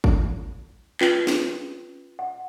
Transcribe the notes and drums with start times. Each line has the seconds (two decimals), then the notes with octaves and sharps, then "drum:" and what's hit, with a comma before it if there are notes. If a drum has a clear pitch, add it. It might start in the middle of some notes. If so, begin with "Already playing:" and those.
0.04 drum: kick
1.01 C#4 F4 B4 G5, drum: clap
1.27 drum: snare
2.19 F#5